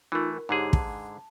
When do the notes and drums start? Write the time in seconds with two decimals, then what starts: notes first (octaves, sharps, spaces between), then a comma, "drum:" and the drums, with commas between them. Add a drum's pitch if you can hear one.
0.12 E3 A3 D#4 F4 A#4
0.34 A#4
0.49 G#2 D3 D#4 G4 G#4 C#5
0.73 A5, drum: kick